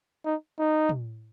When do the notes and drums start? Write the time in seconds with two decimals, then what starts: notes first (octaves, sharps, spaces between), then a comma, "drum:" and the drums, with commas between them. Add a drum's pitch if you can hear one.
0.25 D#4
0.59 D#4
0.89 drum: tom